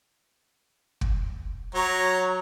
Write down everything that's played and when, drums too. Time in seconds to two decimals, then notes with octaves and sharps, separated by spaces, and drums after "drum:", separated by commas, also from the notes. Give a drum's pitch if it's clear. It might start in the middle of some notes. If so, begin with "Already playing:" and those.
1.01 drum: kick
1.75 F#3 C#5 A#5